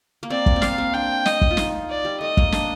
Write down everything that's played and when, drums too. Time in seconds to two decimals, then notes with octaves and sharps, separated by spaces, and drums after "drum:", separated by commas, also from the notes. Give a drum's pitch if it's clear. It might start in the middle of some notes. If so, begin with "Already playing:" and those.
0.23 A#3
0.30 C4 D5
0.46 drum: kick
0.56 C4
0.62 A#3 F5, drum: snare
0.78 C4
0.93 D4 G5
1.26 D#5, drum: snare
1.41 drum: kick
1.51 F4
1.57 D#4, drum: snare
1.89 D5
2.05 G3
2.20 A3 D#5
2.37 A#3, drum: kick
2.52 D4, drum: snare